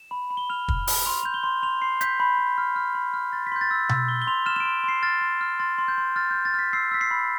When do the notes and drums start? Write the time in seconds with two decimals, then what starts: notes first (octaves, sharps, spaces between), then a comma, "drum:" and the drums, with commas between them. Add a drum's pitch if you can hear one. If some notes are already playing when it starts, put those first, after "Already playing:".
Already playing: E7
0.11 B5
0.30 B5
0.37 G7
0.50 F6 F7
0.68 F6, drum: kick
0.87 B5, drum: open hi-hat
1.06 C6 F7
1.23 G6 F7
1.34 G7
1.43 C6
1.63 C6 F7
1.82 C6 C7
2.01 G6 B6, drum: hi-hat
2.20 B5
2.39 B5
2.58 F6
2.76 F6
2.95 B5
3.14 F6
3.33 C6 A6
3.47 B6
3.52 C6 G6
3.61 A6
3.71 E6
3.89 E6 A6, drum: tom B2
4.08 E6 G7
4.22 G7
4.27 C6 F7
4.46 F6 E7
4.56 E7
4.60 D7
4.65 C6
4.84 C6 C7
5.03 F6 A6
5.21 C6
5.41 F6
5.60 C6 A6
5.78 C6
5.88 G6
5.98 C6
6.16 F6 A6
6.31 F6 G6
6.45 A6
6.54 F6 B6
6.73 E6 C7
6.91 E6 B6
7.01 C7
7.11 B5